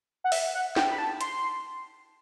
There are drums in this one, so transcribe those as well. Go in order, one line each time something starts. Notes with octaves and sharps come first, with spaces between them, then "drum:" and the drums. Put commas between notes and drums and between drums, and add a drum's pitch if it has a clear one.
F#5
E5, drum: open hi-hat
F#5
G5, drum: snare
B5
A5
C6, drum: hi-hat